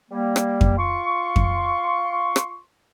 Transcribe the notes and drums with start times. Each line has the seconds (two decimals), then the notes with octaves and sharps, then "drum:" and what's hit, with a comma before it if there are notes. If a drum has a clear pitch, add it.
0.11 G3 A#3
0.36 drum: rim click
0.61 drum: kick F2
0.78 F4 C6 C#6
1.36 drum: kick F2
2.36 drum: rim click